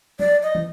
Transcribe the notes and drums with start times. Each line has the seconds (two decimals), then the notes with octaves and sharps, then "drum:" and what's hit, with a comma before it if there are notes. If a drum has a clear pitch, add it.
0.19 D5, drum: tom F3
0.43 D#5
0.55 drum: tom